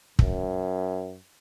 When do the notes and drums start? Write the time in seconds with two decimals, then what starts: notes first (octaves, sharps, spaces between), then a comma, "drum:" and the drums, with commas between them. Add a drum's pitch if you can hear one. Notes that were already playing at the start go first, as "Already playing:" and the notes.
0.19 F#2, drum: kick